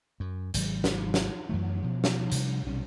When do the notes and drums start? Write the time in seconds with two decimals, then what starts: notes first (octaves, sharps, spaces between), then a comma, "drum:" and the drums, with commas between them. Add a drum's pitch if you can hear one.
0.20 F#2
0.54 G#1 C3 F#3, drum: hi-hat
0.84 drum: snare
1.14 drum: snare
1.49 F#2 E3 A3
1.83 B2 F3
2.04 drum: snare
2.32 C3 F3 G3 D4, drum: hi-hat
2.67 B1 C3 G3 C#4